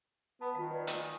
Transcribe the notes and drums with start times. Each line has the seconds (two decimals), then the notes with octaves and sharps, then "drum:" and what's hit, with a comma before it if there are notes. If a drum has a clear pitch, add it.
0.41 B3 A5
0.55 D#3 F4 F5
0.71 B4 D5
0.87 D#5 G#5, drum: hi-hat